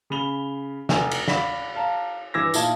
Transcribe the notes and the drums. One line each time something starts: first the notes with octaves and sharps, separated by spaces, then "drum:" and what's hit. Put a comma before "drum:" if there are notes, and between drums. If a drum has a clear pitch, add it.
C#3 B5 F7 G7
F1 G#5 F7, drum: snare
drum: cymbal
D5 F5 F#5 B5 B6, drum: snare
F5 A5 A#5
G2 E3 D6 E6 G#6 A#6
A#2 D#4 E4 F5 A5 G#6, drum: tambourine